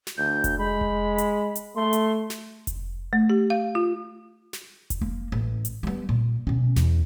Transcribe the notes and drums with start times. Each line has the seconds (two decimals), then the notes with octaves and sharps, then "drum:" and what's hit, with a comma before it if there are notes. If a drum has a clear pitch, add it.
0.07 drum: snare
0.18 D2 G6
0.44 drum: kick F1, hi-hat
0.59 G#3 B5
0.81 drum: kick F1
1.18 drum: hi-hat
1.56 drum: hi-hat
1.76 A3 C6
1.93 drum: hi-hat
2.30 drum: snare
2.67 drum: kick F1, hi-hat
3.13 A3
3.30 G4
3.50 F5
3.75 F4
4.53 drum: snare
4.90 drum: kick F1, hi-hat
5.02 A#3
5.32 A1
5.65 drum: hi-hat
5.83 G3 B3
6.09 A#2
6.47 B2 C#4
6.76 E2, drum: snare